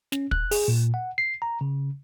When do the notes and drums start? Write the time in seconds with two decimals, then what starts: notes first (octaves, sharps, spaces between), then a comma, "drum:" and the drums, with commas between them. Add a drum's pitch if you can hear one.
0.12 C#4, drum: snare
0.31 F#6, drum: kick
0.51 G#4, drum: open hi-hat
0.68 A#2
0.94 F#5
1.18 C7
1.42 A#5
1.61 C#3